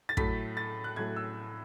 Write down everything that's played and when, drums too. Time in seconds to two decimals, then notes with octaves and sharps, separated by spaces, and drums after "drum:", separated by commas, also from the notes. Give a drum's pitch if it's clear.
0.09 A6
0.17 A2 F#3 A3 B6, drum: kick
0.57 A6
0.84 F#6
0.96 A2 F#3 A3 G#6
1.16 E6